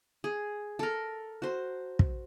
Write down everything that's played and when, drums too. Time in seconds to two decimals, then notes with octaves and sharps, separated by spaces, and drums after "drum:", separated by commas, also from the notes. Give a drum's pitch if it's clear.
0.24 G#4
0.79 A4 A#4
1.42 F#4 C5
1.99 drum: kick